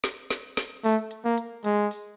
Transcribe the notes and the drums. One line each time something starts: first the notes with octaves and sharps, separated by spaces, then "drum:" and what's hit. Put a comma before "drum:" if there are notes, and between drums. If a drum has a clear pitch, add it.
drum: snare
drum: snare
drum: snare
A3, drum: open hi-hat
drum: hi-hat
A#3
drum: hi-hat
G#3, drum: hi-hat
drum: open hi-hat